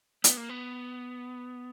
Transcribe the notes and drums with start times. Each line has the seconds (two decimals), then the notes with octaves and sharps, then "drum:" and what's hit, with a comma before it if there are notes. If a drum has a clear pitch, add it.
0.24 B3, drum: hi-hat
0.37 A#3
0.49 B3